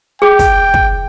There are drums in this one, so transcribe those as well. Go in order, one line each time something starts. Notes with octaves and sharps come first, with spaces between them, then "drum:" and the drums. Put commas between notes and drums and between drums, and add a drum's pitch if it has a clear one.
G#4 G5 D6
drum: kick, hi-hat
drum: kick